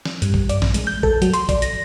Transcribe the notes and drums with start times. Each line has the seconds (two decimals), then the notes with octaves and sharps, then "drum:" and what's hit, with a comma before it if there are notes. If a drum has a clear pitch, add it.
0.05 drum: snare
0.22 G2, drum: hi-hat
0.34 drum: kick A#1
0.49 D5, drum: hi-hat
0.62 A#1, drum: snare
0.74 G#3, drum: hi-hat
0.87 G6
1.03 A4, drum: kick A#1
1.22 F#3, drum: hi-hat
1.34 C6, drum: hi-hat
1.49 D5, drum: kick A#1, hi-hat
1.62 A#6, drum: hi-hat